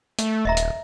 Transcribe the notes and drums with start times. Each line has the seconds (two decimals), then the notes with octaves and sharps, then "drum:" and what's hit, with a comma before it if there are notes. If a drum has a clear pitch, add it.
0.19 A3, drum: hi-hat
0.45 D#1 D#5 E5 A#5
0.57 drum: hi-hat